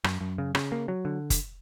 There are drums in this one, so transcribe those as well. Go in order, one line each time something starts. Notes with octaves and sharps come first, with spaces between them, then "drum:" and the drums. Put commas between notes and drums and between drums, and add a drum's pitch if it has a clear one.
F#2, drum: rim click
F#2
C#3
C#3, drum: rim click
A#3
F#3
D3
drum: kick, hi-hat